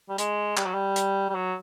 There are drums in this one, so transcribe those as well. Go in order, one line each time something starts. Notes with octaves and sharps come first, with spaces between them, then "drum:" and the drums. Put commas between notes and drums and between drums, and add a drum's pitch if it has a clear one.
G3
G#3, drum: hi-hat
G3, drum: clap
F#3
G3
drum: hi-hat
G3
F#3